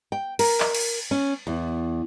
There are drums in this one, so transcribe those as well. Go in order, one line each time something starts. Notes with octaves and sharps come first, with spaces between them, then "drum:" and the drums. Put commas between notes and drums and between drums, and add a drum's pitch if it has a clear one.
G5
A#4, drum: cymbal
drum: clap
drum: cymbal
C#4
E2